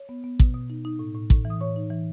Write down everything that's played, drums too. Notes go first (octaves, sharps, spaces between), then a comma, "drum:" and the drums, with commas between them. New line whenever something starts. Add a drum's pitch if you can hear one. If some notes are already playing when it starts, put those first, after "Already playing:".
Already playing: C#5
B3
B3
B2, drum: kick
B2
D#4
D#4
A2
A2
A2, drum: kick
E3
D#6
A2 C#5 C#6
D#4
E3